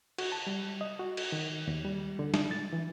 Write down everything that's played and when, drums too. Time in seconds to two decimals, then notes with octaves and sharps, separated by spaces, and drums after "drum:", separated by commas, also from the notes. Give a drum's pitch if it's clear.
0.18 F#4, drum: cymbal
0.32 A5
0.47 G3
0.81 D#5
0.99 F#4
1.17 drum: cymbal
1.32 D#3
1.67 D#2
1.84 G3
2.19 D3
2.34 drum: snare
2.51 A6
2.73 E3